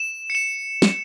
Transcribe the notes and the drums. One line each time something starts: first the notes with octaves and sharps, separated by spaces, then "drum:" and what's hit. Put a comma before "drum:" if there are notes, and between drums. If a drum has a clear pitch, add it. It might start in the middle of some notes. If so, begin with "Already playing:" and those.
Already playing: E7
C#7
E7
drum: snare